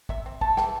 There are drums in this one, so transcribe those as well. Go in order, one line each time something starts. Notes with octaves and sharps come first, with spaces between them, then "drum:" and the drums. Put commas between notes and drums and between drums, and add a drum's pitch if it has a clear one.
C3 E5, drum: kick
C4
A3 A5, drum: kick
E3 G5, drum: snare